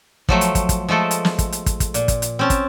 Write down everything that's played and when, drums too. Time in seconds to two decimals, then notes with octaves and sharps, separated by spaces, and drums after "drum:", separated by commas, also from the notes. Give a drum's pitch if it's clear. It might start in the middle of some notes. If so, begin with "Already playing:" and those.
0.29 F3 F#3 A3, drum: kick
0.41 drum: hi-hat
0.55 drum: kick, hi-hat
0.69 drum: kick, hi-hat
0.89 F3 G#3 A3 A4
1.11 drum: hi-hat
1.25 drum: snare
1.39 drum: kick, hi-hat
1.52 drum: hi-hat
1.66 drum: kick, hi-hat
1.80 drum: kick, hi-hat
1.94 A#2, drum: hi-hat
2.08 drum: kick, hi-hat
2.22 drum: hi-hat
2.39 C4 C#4 A5
2.50 drum: kick, hi-hat